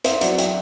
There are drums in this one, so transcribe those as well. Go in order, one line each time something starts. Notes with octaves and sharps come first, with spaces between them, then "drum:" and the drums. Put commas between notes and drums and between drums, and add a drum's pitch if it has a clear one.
C4 C5 E5, drum: hi-hat
F#3 D5 F#5, drum: hi-hat
E5 G5, drum: hi-hat